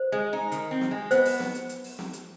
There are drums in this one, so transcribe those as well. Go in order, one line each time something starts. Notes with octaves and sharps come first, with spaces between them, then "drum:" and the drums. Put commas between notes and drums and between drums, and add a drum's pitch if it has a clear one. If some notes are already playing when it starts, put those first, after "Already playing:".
Already playing: C5
G#3
D#4
D#3, drum: hi-hat
C4
drum: snare
G#3
B3 C5, drum: hi-hat
drum: open hi-hat
drum: snare
drum: hi-hat
drum: hi-hat
drum: open hi-hat
drum: snare
drum: hi-hat